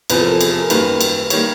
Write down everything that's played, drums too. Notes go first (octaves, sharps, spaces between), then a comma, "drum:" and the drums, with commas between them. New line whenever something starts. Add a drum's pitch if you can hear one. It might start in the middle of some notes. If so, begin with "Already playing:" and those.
E2 C3 F3 B4, drum: cymbal
A4
A#4
A4
G#4, drum: cymbal
A4
A#4
F#2 D#3 G3 A#3 B4, drum: cymbal
drum: cymbal
D#3 G3 A#3 C#5, drum: cymbal